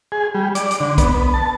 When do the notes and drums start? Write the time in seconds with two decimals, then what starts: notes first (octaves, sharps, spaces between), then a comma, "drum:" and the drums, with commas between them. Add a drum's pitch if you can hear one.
0.12 G#4
0.35 G3
0.55 D5, drum: hi-hat
0.71 drum: hi-hat
0.80 D3
0.98 B3, drum: kick B1, hi-hat
1.14 B3
1.34 A5